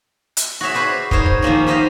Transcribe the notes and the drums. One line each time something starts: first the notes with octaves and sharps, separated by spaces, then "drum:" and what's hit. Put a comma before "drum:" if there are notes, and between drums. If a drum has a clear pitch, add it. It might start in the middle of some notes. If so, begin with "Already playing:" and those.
drum: hi-hat
F#4 G#4 C#5 E5
F#4 B4 C5 D5
D#4 A#4 C5 C#5, drum: kick
drum: kick
D#3 F3 A#3 C#4
B3 G4 C5 D#5 F5